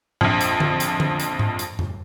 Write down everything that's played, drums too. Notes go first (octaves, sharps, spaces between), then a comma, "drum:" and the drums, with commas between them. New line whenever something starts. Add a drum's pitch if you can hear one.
A#1 F2, drum: tom G#2
drum: hi-hat
drum: tom D3
drum: hi-hat
drum: tom D3
drum: hi-hat
drum: tom G#2
drum: hi-hat
drum: tom F2